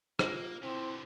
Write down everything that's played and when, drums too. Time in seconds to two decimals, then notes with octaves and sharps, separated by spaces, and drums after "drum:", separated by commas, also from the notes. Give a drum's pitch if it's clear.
0.19 A#3 F4, drum: rim click
0.63 B2 D3 C4 E4